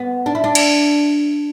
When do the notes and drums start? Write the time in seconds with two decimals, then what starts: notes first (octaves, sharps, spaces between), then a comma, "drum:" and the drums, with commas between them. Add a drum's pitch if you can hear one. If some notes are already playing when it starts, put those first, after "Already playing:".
Already playing: B3
0.26 D4
0.35 E4
0.44 D4
0.55 drum: cymbal